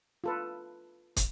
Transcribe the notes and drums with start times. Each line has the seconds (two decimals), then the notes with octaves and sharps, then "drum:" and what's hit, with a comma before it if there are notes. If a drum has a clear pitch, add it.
0.24 F4 A4 B4
1.16 drum: kick, hi-hat